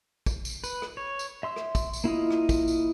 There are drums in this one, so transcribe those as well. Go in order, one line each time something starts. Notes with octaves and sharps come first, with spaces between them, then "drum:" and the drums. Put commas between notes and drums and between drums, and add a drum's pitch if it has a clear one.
drum: kick, tambourine
drum: tambourine
B4, drum: tambourine
drum: rim click
C#5
drum: tambourine
E5 C6 E6
drum: rim click
drum: kick, tambourine
drum: tambourine
A#3 E4 F4 D#5
drum: rim click
drum: kick, tambourine
drum: tambourine